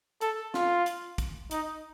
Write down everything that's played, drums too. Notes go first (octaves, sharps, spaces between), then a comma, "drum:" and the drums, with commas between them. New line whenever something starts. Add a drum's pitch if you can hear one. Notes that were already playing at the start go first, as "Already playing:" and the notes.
A4, drum: hi-hat
F4, drum: snare
drum: hi-hat
drum: kick, hi-hat
D#4, drum: hi-hat